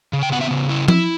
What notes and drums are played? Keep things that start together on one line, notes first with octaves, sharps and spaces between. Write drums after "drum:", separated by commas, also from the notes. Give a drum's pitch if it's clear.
C#3
G5
B3 F#5
E5
C#3
E4
E4, drum: tom